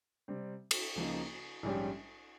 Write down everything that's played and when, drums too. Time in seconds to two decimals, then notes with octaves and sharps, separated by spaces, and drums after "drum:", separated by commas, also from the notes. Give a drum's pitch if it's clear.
0.28 C3 G3 C4
0.71 drum: cymbal
0.96 C#2 C#3 F3 A#3 D#4
1.63 A#1 G#2 G3 C#4 G4